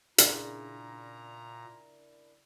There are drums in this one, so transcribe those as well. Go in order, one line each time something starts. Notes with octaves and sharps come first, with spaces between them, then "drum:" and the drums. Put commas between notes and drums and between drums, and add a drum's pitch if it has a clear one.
A#2 C#3 D4 E4 A#4 A#5, drum: hi-hat